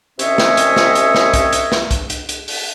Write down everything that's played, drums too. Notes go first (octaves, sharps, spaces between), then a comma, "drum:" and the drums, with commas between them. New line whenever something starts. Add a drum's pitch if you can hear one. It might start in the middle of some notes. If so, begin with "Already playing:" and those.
C2 C3 C#4 C#5 D#5 E5, drum: hi-hat
drum: snare
drum: hi-hat
drum: snare
drum: hi-hat
drum: snare
drum: kick, hi-hat
drum: hi-hat
drum: snare
drum: kick, hi-hat
drum: hi-hat
drum: hi-hat
drum: open hi-hat